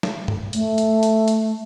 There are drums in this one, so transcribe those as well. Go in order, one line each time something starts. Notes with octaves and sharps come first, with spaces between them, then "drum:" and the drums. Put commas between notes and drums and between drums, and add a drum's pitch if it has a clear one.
drum: snare
drum: tom
A3, drum: hi-hat
drum: hi-hat
drum: hi-hat
drum: hi-hat